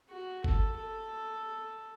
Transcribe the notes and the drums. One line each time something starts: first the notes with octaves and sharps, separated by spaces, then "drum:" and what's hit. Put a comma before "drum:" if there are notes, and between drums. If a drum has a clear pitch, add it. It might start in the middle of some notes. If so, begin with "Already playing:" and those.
F#4
A4, drum: kick G1
A4